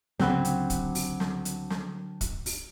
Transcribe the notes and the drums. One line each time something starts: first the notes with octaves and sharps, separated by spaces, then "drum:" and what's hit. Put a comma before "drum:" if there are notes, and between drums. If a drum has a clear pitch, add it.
C#2 D3 F#3 C4 F#5 B5, drum: snare
drum: hi-hat
drum: kick, hi-hat
drum: open hi-hat
drum: snare
drum: hi-hat
drum: snare
drum: kick, hi-hat
drum: open hi-hat